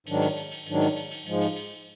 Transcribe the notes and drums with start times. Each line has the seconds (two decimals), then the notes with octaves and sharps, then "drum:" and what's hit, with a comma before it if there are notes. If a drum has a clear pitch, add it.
0.07 G#2 D#3 F#3 D4, drum: cymbal
0.22 drum: cymbal
0.37 drum: cymbal
0.52 drum: cymbal
0.66 G#2 D#3 F#3 D4, drum: cymbal
0.81 drum: cymbal
0.96 drum: cymbal
1.11 drum: cymbal
1.26 G#2 F3 G#3, drum: cymbal
1.41 drum: cymbal
1.56 drum: cymbal